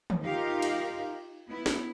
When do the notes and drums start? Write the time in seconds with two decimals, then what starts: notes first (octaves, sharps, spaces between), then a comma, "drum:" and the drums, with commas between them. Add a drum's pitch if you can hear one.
0.10 drum: tom
0.21 D#4 F4 G4 A#4 F5
0.62 drum: cymbal
1.48 B3 E4
1.66 drum: snare